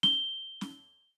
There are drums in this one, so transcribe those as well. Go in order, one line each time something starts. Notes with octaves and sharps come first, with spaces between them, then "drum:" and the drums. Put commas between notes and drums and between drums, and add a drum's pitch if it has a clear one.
G7, drum: snare
drum: snare